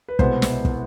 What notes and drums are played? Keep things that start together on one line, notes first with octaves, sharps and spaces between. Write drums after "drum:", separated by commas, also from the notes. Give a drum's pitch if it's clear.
B4
C2 B2 G#3 B3 C5, drum: kick
drum: snare
drum: kick